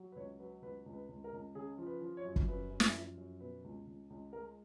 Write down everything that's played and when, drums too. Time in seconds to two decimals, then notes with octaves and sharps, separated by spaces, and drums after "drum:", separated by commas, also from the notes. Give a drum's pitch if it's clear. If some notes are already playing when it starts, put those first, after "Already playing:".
Already playing: F#3
0.12 B4
0.16 C#2 C#5
0.39 F#3 B4
0.62 C#2 B4
0.86 C#2
0.93 B4
1.09 C#2
1.24 A#4
1.32 C#2
1.55 C#3 G#4
1.78 F3
1.87 B4
2.01 F3
2.17 C#5
2.25 F#2
2.36 drum: kick
2.48 F#2 B4
2.70 F#2
2.80 drum: snare
2.95 F3
3.17 F#2
3.40 B2 B4
3.64 C#2
3.87 C#2
4.10 C#2
4.33 G#3 A#4